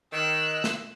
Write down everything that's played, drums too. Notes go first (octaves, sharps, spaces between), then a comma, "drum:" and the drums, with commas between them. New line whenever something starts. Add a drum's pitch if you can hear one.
D#3 E6 F#6
drum: snare